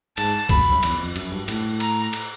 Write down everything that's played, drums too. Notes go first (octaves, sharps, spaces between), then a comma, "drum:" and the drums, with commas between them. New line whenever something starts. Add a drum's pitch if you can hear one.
G#2 A5, drum: cymbal
F#2 B5, drum: kick C2, cymbal
F#2
E2, drum: cymbal
F2
F#2, drum: cymbal
G2
A2, drum: cymbal
A#5, drum: cymbal
drum: cymbal